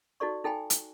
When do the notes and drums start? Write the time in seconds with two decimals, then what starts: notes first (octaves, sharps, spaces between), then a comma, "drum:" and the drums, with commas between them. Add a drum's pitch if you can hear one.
0.20 D#4 F#4 A4 D5 C#6
0.44 D#4 A4 G5 G#5 B5
0.70 drum: hi-hat